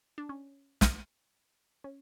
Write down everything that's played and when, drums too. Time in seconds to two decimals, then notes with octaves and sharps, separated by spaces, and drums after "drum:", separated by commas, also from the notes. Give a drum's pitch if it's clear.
0.18 D4
0.29 C#4
0.81 drum: snare
1.84 C#4